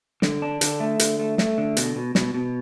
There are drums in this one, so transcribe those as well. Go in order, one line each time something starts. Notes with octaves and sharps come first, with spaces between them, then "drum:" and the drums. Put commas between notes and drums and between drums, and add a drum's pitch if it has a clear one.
D3, drum: snare
D4
D3, drum: hi-hat
A3
D3, drum: hi-hat
A3
A3, drum: snare
D3
B2, drum: hi-hat
B2
B2, drum: snare
B2